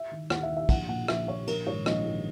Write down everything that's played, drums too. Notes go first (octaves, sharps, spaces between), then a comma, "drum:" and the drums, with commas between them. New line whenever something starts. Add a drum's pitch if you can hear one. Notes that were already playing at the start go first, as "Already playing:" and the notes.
Already playing: E5
D#3
D#2 F#5, drum: rim click
E5
D#3
E5
A#1 F#5, drum: kick, cymbal
A#2 F#5
A#1 E5, drum: rim click
A#2 C#5
A#1 A#4, drum: cymbal
G#2 D#3 C#5
A#1 D#5, drum: rim click
G#2 D#3